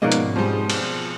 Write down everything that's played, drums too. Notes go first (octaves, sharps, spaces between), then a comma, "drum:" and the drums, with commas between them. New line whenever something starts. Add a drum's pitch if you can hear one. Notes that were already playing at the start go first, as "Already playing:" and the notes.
G#2 B2 F3 A#3 B3 C#4 D5 D#5
drum: hi-hat
F3 G3 C4 G#4
drum: cymbal